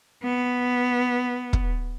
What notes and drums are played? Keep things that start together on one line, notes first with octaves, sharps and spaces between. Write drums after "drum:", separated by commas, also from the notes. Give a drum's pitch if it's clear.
B3
drum: kick